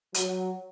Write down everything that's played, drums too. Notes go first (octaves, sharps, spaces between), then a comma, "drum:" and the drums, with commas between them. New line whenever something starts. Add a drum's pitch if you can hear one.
F#3, drum: hi-hat